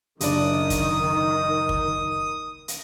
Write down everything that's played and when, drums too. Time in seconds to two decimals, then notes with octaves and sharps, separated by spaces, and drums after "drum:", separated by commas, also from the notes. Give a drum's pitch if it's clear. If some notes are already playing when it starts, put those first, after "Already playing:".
0.21 F#1 D#3 D4 D5 D#6, drum: hi-hat
0.70 drum: kick, hi-hat
1.69 drum: kick
2.68 drum: hi-hat